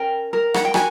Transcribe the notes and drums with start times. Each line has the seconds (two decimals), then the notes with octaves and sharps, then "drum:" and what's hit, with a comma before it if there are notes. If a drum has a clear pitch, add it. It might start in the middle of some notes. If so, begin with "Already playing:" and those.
Already playing: C#4 A#4 G5
0.33 A#4
0.54 F#5, drum: rim click
0.65 G5
0.74 F#4 G#5, drum: rim click